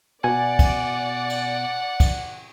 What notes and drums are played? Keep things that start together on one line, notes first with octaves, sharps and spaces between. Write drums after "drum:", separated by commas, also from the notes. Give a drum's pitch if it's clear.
B2 D5 F#5 G#5
drum: kick, cymbal
drum: cymbal
drum: kick, cymbal